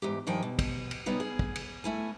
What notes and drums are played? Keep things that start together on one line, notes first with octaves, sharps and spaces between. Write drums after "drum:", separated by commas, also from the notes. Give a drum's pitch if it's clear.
E2 G#2 G4
G2 D#3 F3 G5 G#5
B2
drum: kick, cymbal
drum: cymbal
C#3 G3 B3 D#4
G#4
drum: kick
drum: cymbal
A3 E4 G#5